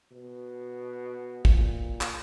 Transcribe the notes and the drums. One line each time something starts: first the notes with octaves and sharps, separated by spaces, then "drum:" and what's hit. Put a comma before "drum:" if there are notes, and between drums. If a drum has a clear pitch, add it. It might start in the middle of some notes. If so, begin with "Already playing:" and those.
B2
A#2, drum: kick
drum: clap